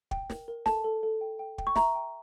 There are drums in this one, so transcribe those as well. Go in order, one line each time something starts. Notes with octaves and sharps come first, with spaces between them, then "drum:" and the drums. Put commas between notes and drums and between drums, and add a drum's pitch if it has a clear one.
G5, drum: kick
A#4, drum: snare
A#4
A4 A5, drum: snare
A4
A4
G5
G5
G5, drum: kick
C#6
E5 A#5, drum: snare
G5